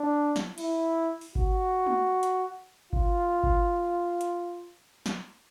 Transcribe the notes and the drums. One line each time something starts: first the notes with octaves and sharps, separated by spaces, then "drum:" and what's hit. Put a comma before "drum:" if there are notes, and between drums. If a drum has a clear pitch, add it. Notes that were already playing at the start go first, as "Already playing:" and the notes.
Already playing: D4
drum: snare
E4, drum: cymbal
drum: open hi-hat
F#4, drum: kick G1
drum: tom
drum: hi-hat
F4, drum: kick G1
drum: kick G1
drum: hi-hat
drum: snare